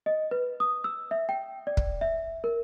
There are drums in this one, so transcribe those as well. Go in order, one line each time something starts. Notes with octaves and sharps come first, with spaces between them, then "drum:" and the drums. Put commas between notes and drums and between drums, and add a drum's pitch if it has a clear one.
D#5
B4
D#6
E6
E5
G5
D5
drum: kick
E5
A#4